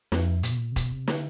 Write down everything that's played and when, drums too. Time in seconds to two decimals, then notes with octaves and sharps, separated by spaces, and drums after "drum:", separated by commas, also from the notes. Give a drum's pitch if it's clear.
0.12 F2, drum: snare
0.43 A#2, drum: hi-hat
0.51 B2
0.57 A#2
0.72 C3
0.76 B2, drum: kick E1, hi-hat
0.92 C3
1.08 D3, drum: snare